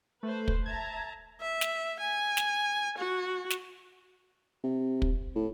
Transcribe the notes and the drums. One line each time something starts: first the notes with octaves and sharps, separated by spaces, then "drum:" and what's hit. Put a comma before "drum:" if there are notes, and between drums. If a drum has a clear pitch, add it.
A3 B4 C5
drum: kick
E5 A5 A#5 G#6
E5
drum: snare
G#5
drum: snare
F#4
drum: snare
C3
drum: kick
A2